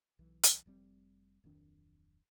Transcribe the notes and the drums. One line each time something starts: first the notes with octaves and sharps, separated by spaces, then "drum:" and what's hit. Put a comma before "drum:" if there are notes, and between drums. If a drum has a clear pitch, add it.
B1 E3
drum: hi-hat
F1 G3 C4
D1 F2 D#3 D4